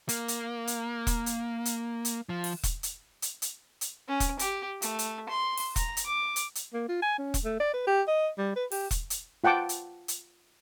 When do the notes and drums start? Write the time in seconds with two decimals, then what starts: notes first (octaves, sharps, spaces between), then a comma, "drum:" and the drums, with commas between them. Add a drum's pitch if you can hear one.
0.09 A#3, drum: hi-hat
0.28 drum: hi-hat
0.67 drum: hi-hat
1.07 drum: kick E1, hi-hat
1.26 drum: hi-hat
1.65 drum: hi-hat
2.05 drum: hi-hat
2.29 F3
2.44 drum: open hi-hat
2.63 drum: kick E1, hi-hat
2.83 drum: hi-hat
3.22 drum: hi-hat
3.42 drum: hi-hat
3.81 drum: hi-hat
4.08 C#4
4.20 drum: kick E1, hi-hat
4.39 G4, drum: hi-hat
4.82 A3, drum: hi-hat
4.99 drum: hi-hat
5.29 C6
5.57 drum: open hi-hat
5.76 A#5, drum: kick E1, hi-hat
5.97 drum: hi-hat
6.06 D6
6.36 drum: hi-hat
6.55 drum: hi-hat
6.73 A#3
6.88 F4
7.02 G#5
7.18 C#4
7.34 drum: kick E1, hi-hat
7.44 A3
7.60 D5
7.73 B4
7.87 G4
8.07 D#5
8.38 G3
8.56 B4
8.72 G4, drum: open hi-hat
8.91 drum: kick E1, hi-hat
9.10 drum: hi-hat
9.44 F4 F#5 G5 A5 D6
9.69 drum: hi-hat
10.08 drum: hi-hat